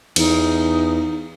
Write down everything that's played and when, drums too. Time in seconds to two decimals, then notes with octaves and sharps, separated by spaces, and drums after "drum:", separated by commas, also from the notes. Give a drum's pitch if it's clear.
0.16 E2 D#4, drum: cymbal